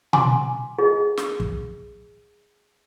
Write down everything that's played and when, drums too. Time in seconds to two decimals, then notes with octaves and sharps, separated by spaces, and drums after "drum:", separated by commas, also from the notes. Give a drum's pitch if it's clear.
0.13 G#5 C6 D6, drum: tom B2
0.79 G#4 D#5
1.17 drum: snare
1.40 drum: kick